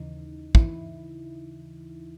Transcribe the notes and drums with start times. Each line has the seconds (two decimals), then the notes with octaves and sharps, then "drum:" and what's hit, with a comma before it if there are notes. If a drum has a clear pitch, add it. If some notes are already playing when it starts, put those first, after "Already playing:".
Already playing: D#2 C#3 E3 D#4
0.55 E3 E4, drum: kick